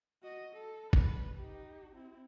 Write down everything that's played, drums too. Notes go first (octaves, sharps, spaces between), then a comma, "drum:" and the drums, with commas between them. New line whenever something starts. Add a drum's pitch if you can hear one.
F#4 D#5
A4
B4, drum: kick G#1
D#4 G4
C4 E4